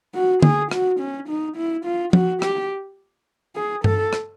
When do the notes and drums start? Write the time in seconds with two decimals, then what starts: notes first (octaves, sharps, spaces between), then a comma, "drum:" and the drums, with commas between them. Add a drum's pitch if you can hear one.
0.15 F#4
0.42 G#4, drum: tom D3
0.71 F#4, drum: rim click
1.00 C#4
1.29 D#4
1.57 E4
1.85 F4
2.13 F#4, drum: tom F3
2.42 G4, drum: rim click
3.56 G#4
3.84 A4, drum: tom G2
4.13 drum: rim click